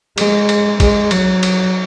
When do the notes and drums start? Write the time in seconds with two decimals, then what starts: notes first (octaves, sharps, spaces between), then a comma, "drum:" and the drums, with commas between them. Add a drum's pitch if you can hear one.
0.18 G#3, drum: cymbal
0.49 drum: cymbal
0.80 G#3, drum: kick, cymbal
1.11 F#3, drum: cymbal
1.43 drum: cymbal